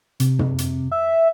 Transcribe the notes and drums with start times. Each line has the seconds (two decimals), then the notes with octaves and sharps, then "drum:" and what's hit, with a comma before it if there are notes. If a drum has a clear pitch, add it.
0.20 C3, drum: hi-hat
0.39 drum: tom
0.58 drum: hi-hat
0.92 E5